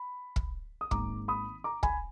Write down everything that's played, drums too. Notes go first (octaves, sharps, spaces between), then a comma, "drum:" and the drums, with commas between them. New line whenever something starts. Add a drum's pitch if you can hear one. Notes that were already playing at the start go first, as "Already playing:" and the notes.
Already playing: B5
drum: kick
D#6
G#1 G#2 D#3 A#3 A#5 D6, drum: kick
B5 D#6
A#5 D6
G#5 B5, drum: kick